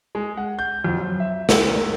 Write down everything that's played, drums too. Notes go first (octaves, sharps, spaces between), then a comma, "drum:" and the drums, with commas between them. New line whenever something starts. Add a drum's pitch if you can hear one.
G#3
F#5
G6
F2
F#2
E5
E6, drum: snare
A#4